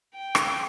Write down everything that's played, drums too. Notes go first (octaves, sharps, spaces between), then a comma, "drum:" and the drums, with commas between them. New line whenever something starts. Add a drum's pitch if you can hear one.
G5
drum: rim click